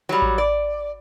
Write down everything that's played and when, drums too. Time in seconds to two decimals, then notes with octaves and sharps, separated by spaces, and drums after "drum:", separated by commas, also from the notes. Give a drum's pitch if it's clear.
0.09 F#3 G3
0.22 drum: kick A1
0.38 D5